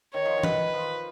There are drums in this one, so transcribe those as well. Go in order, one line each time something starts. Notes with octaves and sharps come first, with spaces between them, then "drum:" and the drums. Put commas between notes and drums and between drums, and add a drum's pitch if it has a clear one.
D#3 C#5
F3
D#3
B4, drum: tom E3
F3